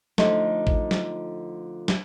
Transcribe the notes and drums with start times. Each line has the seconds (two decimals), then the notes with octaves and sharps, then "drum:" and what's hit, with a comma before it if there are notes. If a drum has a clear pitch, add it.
0.18 D3 F3 A3 D#4, drum: snare
0.67 drum: kick A1
0.91 drum: snare
1.88 drum: snare